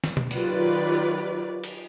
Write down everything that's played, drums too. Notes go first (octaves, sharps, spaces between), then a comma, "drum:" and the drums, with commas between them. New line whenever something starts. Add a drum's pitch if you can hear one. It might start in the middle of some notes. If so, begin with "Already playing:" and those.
drum: snare
drum: tom B2
D#3 F#3 F4 G4 B4 D5, drum: open hi-hat
drum: cymbal